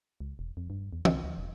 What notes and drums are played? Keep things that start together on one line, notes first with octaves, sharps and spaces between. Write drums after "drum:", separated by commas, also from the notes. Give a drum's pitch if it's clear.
C#2
E1
F2
G2
E2
C2, drum: tom
D2
E1